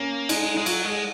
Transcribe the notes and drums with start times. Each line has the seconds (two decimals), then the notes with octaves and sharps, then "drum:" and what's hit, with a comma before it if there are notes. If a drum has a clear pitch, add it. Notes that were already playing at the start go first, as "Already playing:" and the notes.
Already playing: A#3 C#4
0.29 G#3 D#4, drum: cymbal
0.43 D#4
0.54 G#3 D#4
0.66 F#3 F4, drum: cymbal
0.84 G#3
0.90 G#4